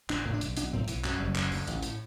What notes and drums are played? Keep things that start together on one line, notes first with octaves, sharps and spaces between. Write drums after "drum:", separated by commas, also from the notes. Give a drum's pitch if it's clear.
A1 D4, drum: clap
A2
D4
B1, drum: hi-hat
B1 D4, drum: hi-hat
A2 C4
B1 E3, drum: hi-hat
F#2 F#3, drum: clap
F#1 G3
D2 D3, drum: clap
D2, drum: open hi-hat
A1, drum: hi-hat
A2, drum: hi-hat